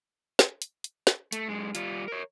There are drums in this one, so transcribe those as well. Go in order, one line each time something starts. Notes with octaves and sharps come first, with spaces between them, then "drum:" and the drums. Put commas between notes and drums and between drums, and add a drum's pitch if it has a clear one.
drum: snare
drum: hi-hat
drum: hi-hat
drum: snare
A3, drum: hi-hat
F#2 G#3
G3 F4, drum: hi-hat
A#4 C#5